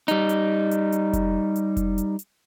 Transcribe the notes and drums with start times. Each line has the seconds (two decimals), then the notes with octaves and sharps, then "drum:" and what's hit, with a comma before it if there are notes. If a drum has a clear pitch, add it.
0.08 G3 D#4, drum: hi-hat
0.29 drum: hi-hat
0.71 drum: hi-hat
0.92 drum: hi-hat
1.13 drum: kick F1, hi-hat
1.56 drum: hi-hat
1.77 drum: kick F1, hi-hat
1.98 drum: hi-hat
2.19 drum: hi-hat